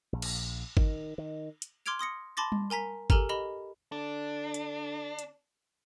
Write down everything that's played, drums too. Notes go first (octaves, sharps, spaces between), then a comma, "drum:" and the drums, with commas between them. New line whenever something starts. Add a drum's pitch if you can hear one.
A#1
drum: cymbal
D#3, drum: kick G#1
D#3
drum: hi-hat
C6 D6 F6 G#6 D7 F7
C6 D#6 A#6 C#7
A5 B5 C6 D6 A6 A#6
drum: tom G3
A#4 G#5 A#5 B6
G4 A4 A#4 G#5 A#5 F6, drum: kick G#1
G4 D#5 B5 G7
D3 D4
drum: hi-hat
drum: hi-hat